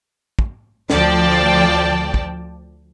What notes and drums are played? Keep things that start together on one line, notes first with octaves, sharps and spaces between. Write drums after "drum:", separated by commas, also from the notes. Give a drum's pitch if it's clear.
drum: kick
D2 F3 D5 G5 A5, drum: snare
drum: kick